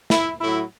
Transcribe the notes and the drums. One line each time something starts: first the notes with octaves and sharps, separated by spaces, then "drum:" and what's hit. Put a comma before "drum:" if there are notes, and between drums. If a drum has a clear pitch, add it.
E4, drum: snare
A2 F#3 E4